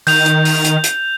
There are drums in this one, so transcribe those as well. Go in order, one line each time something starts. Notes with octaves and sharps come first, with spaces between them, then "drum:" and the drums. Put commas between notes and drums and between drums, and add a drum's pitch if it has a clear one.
D#3 G6 F7, drum: open hi-hat
drum: hi-hat
drum: open hi-hat
drum: hi-hat
drum: hi-hat